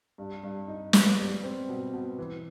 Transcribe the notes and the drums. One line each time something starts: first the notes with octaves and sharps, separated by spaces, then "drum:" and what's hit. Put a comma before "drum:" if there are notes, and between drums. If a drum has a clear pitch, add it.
G2
G2
D#4
B3, drum: snare
G3
C4
B2
B2
E3